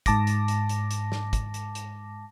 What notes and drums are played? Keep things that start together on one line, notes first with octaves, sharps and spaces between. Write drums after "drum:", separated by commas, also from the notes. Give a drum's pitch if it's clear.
G#2 A5 D6 A#6, drum: kick, hi-hat
drum: hi-hat
drum: hi-hat
drum: hi-hat
drum: hi-hat
drum: snare
drum: kick, hi-hat
drum: hi-hat
drum: hi-hat